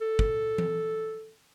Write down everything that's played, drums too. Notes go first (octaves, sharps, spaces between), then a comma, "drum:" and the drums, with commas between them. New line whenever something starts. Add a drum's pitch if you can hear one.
A4
drum: kick
drum: tom E3